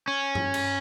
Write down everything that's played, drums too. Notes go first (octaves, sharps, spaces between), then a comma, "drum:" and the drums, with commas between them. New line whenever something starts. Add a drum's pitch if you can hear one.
C#4
drum: tom G2
drum: cymbal